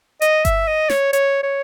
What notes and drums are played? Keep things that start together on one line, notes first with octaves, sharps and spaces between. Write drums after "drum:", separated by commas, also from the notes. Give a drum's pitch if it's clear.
D#5, drum: hi-hat
E5, drum: kick G1, hi-hat
D#5
C#5, drum: snare
C#5, drum: hi-hat
C#5